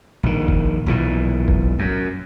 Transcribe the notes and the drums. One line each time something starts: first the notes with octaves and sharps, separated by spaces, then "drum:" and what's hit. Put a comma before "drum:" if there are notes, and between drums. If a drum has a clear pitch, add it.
A#1 D#3
drum: kick F#1
B1 A#2 E3
drum: kick F#1
F#2